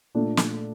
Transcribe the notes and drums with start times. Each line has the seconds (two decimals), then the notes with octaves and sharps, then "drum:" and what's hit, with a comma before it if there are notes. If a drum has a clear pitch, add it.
0.15 A#2 A3 D4 A4
0.37 drum: snare